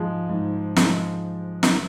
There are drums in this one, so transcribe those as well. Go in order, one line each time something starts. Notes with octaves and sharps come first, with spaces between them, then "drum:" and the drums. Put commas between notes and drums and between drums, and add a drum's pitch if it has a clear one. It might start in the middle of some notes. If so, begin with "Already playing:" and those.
Already playing: G#2 F3 G#3
G#2
F3 G#3, drum: snare
drum: snare